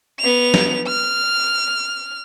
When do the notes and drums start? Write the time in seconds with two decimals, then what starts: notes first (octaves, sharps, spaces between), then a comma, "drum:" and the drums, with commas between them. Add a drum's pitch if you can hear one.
0.20 B3 F7
0.54 drum: snare
0.88 F6